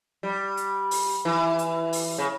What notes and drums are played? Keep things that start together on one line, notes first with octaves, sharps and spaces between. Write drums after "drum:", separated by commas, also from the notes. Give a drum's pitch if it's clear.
G3
drum: hi-hat
drum: open hi-hat
E3
drum: hi-hat
drum: open hi-hat
C#3